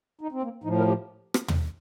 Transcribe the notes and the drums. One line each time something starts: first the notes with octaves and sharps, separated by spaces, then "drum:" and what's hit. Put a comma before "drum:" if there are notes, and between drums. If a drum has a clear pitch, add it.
D#4
C4
A#3
A2 F3 D#4
A#4
G4
drum: rim click
drum: tom